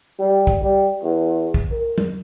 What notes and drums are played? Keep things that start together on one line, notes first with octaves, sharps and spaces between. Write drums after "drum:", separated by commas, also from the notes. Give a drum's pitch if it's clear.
G3
drum: kick
G3
E2
drum: kick
A#4
drum: tom